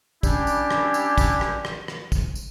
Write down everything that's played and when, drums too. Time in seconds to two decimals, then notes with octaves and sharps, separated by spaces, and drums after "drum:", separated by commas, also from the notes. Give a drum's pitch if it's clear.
0.23 G3 C#4 D4 E4 G4, drum: kick, tambourine
0.47 drum: tambourine
0.71 drum: rim click
0.94 drum: tambourine
1.18 drum: kick, tambourine
1.41 drum: rim click
1.65 drum: rim click
1.88 drum: rim click
2.12 drum: kick, tambourine
2.35 drum: tambourine